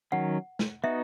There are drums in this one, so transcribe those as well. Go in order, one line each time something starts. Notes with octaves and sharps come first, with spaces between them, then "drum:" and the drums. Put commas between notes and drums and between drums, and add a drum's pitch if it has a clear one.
D#3 F#3 C#4 F#5
drum: snare
B3 D#4 F#4 E5